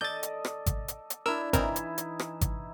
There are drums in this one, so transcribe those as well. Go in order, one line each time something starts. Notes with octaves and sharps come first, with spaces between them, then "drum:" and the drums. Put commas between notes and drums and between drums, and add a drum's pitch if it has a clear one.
A4 D5 D#5 G6 A6
drum: hi-hat
drum: rim click
drum: kick G#1, hi-hat
drum: hi-hat
drum: hi-hat
D4 E4 A#4 E6
E3 C4 D#4 E4 A#4, drum: kick G#1, hi-hat
drum: hi-hat
drum: hi-hat
drum: rim click
drum: kick G#1, hi-hat